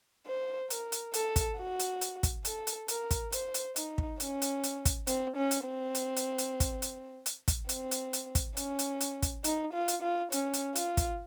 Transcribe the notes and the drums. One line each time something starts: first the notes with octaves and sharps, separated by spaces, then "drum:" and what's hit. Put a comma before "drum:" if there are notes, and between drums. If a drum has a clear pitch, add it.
C5
A#4, drum: hi-hat
drum: hi-hat
A4, drum: hi-hat
drum: kick, hi-hat
F#4
drum: hi-hat
drum: hi-hat
drum: kick, hi-hat
A4, drum: hi-hat
drum: hi-hat
A#4, drum: hi-hat
drum: kick, hi-hat
C5, drum: hi-hat
drum: hi-hat
D#4, drum: hi-hat
drum: kick
C#4, drum: hi-hat
drum: hi-hat
drum: hi-hat
drum: kick, hi-hat
C4, drum: hi-hat
C#4
drum: hi-hat
C4
drum: hi-hat
drum: hi-hat
drum: hi-hat
drum: kick, hi-hat
drum: hi-hat
drum: hi-hat
drum: kick, hi-hat
C4, drum: hi-hat
drum: hi-hat
drum: hi-hat
drum: kick, hi-hat
C#4, drum: hi-hat
drum: hi-hat
drum: hi-hat
drum: kick, hi-hat
D#4, drum: hi-hat
F4
drum: hi-hat
F4
C#4, drum: hi-hat
drum: hi-hat
F4, drum: hi-hat
drum: kick, hi-hat